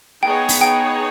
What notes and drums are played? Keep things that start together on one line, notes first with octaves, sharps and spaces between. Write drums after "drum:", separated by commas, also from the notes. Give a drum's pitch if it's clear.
B3 D#4 G#4 C#5 G5
drum: open hi-hat
G5